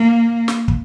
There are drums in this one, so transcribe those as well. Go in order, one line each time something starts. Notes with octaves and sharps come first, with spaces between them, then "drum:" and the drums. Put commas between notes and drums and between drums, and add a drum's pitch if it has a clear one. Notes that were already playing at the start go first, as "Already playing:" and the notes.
Already playing: A#3
drum: snare
drum: kick